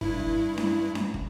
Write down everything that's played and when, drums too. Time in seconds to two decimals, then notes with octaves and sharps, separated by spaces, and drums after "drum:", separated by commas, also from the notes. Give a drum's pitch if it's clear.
0.01 G2 E4, drum: kick
0.20 drum: kick
0.58 drum: snare C#4
0.95 drum: snare C#4
1.14 drum: kick